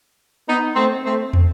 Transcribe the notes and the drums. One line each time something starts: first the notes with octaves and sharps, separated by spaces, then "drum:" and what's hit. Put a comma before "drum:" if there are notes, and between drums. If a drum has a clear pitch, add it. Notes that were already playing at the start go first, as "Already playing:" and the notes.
B3 D#4
A3 C4
A3 C4
drum: tom